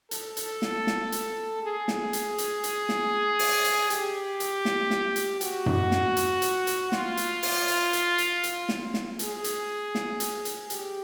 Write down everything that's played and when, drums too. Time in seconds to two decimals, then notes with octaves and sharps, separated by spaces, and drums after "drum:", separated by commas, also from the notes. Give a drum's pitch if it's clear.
0.11 A4, drum: hi-hat
0.37 drum: hi-hat
0.62 drum: snare
0.87 drum: snare
1.12 drum: hi-hat
1.63 G#4
1.88 drum: snare
2.13 drum: hi-hat
2.38 drum: hi-hat
2.64 drum: hi-hat
2.89 drum: snare
3.39 drum: open hi-hat
3.64 drum: hi-hat
3.90 G4, drum: hi-hat
4.40 drum: hi-hat
4.65 drum: snare
4.90 drum: snare
5.16 drum: hi-hat
5.41 F#4, drum: hi-hat
5.66 drum: tom F#2
5.91 drum: snare
6.17 drum: hi-hat
6.42 drum: hi-hat
6.67 drum: hi-hat
6.92 F4, drum: snare
7.17 drum: hi-hat
7.43 drum: open hi-hat
7.68 drum: hi-hat
7.93 drum: hi-hat
8.18 drum: hi-hat
8.43 drum: hi-hat
8.69 drum: snare
8.94 drum: snare
9.19 G#4, drum: hi-hat
9.44 drum: hi-hat
9.95 drum: snare
10.20 drum: hi-hat
10.45 drum: hi-hat
10.70 G4, drum: hi-hat